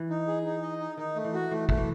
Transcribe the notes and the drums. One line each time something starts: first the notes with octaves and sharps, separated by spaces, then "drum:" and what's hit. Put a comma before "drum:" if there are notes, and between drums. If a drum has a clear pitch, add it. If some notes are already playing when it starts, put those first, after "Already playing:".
Already playing: E3
D#4
G#4
D#4
D#5
D#4
D#3 D#4
A3
E3
F#4
E3 A3
A3, drum: kick
E3